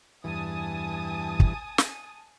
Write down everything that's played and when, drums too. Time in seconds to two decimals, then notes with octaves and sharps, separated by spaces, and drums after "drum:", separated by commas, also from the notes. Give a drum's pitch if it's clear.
0.24 E2 G2 E3 G#5 A5 D#6
1.40 drum: kick
1.78 drum: snare